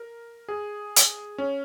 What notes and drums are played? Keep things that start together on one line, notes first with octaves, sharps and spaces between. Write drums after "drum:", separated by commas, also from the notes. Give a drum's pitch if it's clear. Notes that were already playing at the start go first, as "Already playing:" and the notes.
Already playing: A#4
G#4
drum: hi-hat
C#4